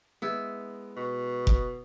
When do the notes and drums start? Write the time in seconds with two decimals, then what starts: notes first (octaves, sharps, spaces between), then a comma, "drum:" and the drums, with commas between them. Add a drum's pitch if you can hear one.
0.22 G#3 B3 E4
0.97 B2
1.47 drum: kick F1